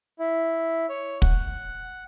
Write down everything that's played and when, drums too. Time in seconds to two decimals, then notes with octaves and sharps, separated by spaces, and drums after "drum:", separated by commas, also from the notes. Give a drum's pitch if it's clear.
0.19 E4
0.89 C#5
1.22 F#5, drum: kick